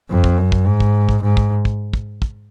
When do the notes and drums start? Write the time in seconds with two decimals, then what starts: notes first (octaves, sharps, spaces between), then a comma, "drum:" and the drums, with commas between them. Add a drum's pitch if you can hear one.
0.10 F2
0.24 drum: kick
0.38 F#2
0.52 drum: kick
0.66 G#2
0.80 drum: kick
1.09 drum: kick
1.23 G#2
1.37 drum: kick
1.65 drum: kick
1.93 drum: kick
2.22 drum: kick